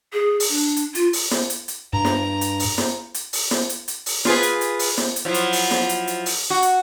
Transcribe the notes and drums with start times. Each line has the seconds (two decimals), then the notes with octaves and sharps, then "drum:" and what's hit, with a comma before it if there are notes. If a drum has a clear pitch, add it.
0.13 G#4
0.40 drum: open hi-hat
0.49 D4
0.76 drum: hi-hat
0.95 F4, drum: hi-hat
1.13 drum: open hi-hat
1.31 drum: snare
1.50 drum: hi-hat
1.68 drum: hi-hat
1.93 G2 A#5
2.05 drum: snare
2.41 drum: hi-hat
2.60 drum: open hi-hat
2.78 drum: snare
3.14 drum: hi-hat
3.33 drum: open hi-hat
3.51 drum: snare
3.69 drum: hi-hat
3.88 drum: hi-hat
4.06 drum: open hi-hat
4.25 F4 G#4 B4, drum: snare
4.43 drum: hi-hat
4.61 drum: hi-hat
4.79 drum: open hi-hat
4.98 drum: snare
5.16 drum: hi-hat
5.25 F3 F#3 E4
5.34 drum: hi-hat
5.53 drum: open hi-hat
5.71 drum: snare
5.89 drum: hi-hat
6.07 drum: hi-hat
6.26 drum: open hi-hat
6.50 F#4
6.62 drum: hi-hat